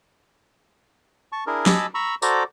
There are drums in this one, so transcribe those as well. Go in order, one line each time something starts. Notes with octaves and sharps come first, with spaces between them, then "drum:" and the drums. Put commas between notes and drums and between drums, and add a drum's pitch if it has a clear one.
A5 C#6
D4 E4 G#4 A#4
D#5 G#5 A5 B5 D6 E6, drum: snare
A#5 B5 C#6 E6
F#4 A4 C5 D5 A#5 D6, drum: tambourine